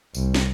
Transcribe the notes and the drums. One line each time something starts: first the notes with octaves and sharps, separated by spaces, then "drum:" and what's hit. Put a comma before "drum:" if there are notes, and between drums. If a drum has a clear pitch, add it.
C2, drum: tambourine
drum: snare